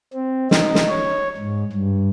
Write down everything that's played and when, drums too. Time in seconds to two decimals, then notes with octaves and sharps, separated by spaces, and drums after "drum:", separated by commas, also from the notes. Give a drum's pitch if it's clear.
0.14 C4
0.51 D#4, drum: snare
0.75 drum: snare
0.89 C#5
1.37 G#2
1.73 G2